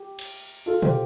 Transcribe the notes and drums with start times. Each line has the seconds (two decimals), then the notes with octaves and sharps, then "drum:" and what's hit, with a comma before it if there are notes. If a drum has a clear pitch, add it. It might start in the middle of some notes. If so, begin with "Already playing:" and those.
Already playing: G4
0.19 drum: cymbal
0.66 F4 A4
0.82 G4 C5, drum: tom B2